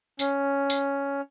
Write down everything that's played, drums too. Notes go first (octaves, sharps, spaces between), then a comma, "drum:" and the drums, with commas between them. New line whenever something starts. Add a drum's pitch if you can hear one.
C#4, drum: tambourine
drum: tambourine